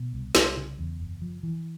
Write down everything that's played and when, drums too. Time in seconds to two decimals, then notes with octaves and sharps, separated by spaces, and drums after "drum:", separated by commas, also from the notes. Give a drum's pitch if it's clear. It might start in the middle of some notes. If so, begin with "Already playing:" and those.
Already playing: B2
0.13 C2
0.35 C2, drum: snare
0.57 C#3
0.78 E2
1.00 F#1
1.22 F3
1.43 E3